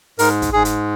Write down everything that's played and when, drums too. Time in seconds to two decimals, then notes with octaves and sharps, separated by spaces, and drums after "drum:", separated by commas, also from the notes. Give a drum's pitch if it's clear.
0.19 G#2 A#4, drum: open hi-hat
0.42 drum: kick, hi-hat
0.53 G#2 G#4
0.65 drum: hi-hat